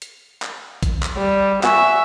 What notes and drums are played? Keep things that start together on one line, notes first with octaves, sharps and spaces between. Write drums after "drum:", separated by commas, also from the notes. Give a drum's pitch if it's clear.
drum: hi-hat
drum: clap
drum: kick A#1, hi-hat
drum: clap
G3
E5 F#5 G#5 C#6, drum: clap